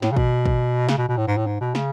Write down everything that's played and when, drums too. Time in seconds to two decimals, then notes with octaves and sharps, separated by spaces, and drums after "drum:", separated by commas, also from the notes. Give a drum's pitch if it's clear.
0.02 A2, drum: snare
0.12 C#3
0.17 B2, drum: kick
0.46 drum: kick
0.89 C#3, drum: snare
0.98 B2
1.08 B2
1.17 A2
1.27 G#2
1.37 A2
1.47 G#2
1.61 B2
1.75 C#3, drum: snare